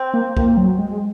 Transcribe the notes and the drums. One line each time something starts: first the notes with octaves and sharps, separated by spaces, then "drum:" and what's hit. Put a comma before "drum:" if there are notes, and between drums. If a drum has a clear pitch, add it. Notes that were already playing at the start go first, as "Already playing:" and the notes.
Already playing: C4
A#3
A#3, drum: kick B1
F#3
G#3